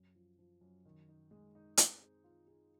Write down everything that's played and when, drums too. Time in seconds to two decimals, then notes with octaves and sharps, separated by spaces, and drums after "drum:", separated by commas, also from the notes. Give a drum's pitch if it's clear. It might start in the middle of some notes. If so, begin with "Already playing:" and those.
Already playing: F#2
0.15 F3
0.38 F3
0.61 F#2
0.85 D#3
1.09 D#4
1.31 G#3
1.55 D#4
1.77 C4, drum: hi-hat
2.02 G#4
2.24 F4
2.48 G#4